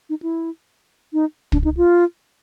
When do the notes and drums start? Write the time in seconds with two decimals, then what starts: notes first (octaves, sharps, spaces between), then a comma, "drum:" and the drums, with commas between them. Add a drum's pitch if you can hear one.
0.10 D#4
0.22 E4
1.13 D#4
1.52 D4, drum: kick
1.64 D#4
1.77 F4